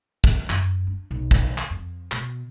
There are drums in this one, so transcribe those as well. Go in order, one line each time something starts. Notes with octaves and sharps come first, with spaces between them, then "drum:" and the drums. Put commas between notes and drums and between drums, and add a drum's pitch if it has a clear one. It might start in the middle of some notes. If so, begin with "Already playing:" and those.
drum: kick
F#2, drum: clap
D4
B1
drum: kick
drum: clap
F2
B2, drum: clap